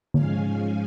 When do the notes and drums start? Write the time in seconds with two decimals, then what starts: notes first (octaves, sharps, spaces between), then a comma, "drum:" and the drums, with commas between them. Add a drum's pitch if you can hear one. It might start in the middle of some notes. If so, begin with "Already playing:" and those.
0.14 G#2 F3 G#3 C#4 F5 G#5, drum: tom D3